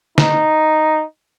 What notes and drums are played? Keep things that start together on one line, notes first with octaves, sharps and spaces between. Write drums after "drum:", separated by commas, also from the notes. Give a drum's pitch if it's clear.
D#4, drum: snare